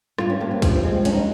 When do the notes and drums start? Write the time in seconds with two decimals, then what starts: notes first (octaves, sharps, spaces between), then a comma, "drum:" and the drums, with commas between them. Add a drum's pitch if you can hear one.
0.18 G2 F4, drum: rim click
0.30 C#4
0.40 G2 A#3
0.51 C4
0.62 F3, drum: kick B1, cymbal
0.83 G#3 C4
1.05 G2 C#4, drum: cymbal
1.12 D#4